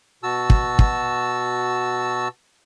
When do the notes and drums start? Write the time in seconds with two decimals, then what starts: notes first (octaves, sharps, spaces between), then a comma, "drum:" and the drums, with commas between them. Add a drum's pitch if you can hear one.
0.23 B2 F#4 A5 E6
0.50 drum: kick
0.79 drum: kick